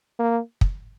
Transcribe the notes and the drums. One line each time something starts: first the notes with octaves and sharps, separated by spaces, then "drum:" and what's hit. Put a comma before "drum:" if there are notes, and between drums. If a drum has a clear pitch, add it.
A#3
drum: kick